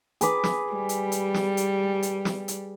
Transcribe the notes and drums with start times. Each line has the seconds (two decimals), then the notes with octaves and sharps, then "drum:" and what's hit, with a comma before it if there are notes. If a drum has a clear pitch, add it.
0.21 G#4 B4 D6, drum: hi-hat
0.44 drum: snare
0.73 G3
0.89 drum: hi-hat
1.12 drum: hi-hat
1.34 drum: snare
1.57 drum: hi-hat
2.03 drum: hi-hat
2.25 drum: snare
2.48 drum: hi-hat